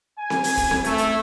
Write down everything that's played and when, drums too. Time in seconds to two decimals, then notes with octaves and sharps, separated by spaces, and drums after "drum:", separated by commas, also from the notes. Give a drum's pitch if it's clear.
0.18 G#5
0.30 drum: snare C4
0.44 drum: open hi-hat
0.57 drum: kick, hi-hat
0.71 drum: snare C4
0.84 A3, drum: hi-hat
0.98 drum: hi-hat